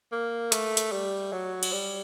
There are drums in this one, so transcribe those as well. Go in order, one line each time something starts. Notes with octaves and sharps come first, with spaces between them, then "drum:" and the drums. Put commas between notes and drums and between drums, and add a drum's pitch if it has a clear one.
A#3
A3, drum: hi-hat
drum: hi-hat
G3
F#3
drum: cymbal
G3